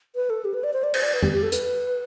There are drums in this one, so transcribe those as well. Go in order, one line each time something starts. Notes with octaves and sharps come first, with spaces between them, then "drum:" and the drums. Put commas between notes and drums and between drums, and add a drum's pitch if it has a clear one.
B4
A4
G4
B4
D5
C5
D5
C5, drum: cymbal
D5
B4
G4, drum: tom F2
G4
A4
B4, drum: hi-hat